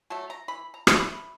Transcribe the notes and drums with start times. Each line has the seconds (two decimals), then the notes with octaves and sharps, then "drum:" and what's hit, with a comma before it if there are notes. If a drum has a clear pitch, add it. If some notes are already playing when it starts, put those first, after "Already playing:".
0.10 F#3 A3 A5
0.30 A#5
0.48 E3 B5
0.74 A#5
0.87 A3 D4, drum: rim click
0.99 B5